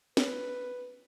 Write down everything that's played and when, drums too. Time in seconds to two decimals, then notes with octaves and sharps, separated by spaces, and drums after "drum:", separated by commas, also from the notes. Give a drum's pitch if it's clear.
0.17 B4, drum: snare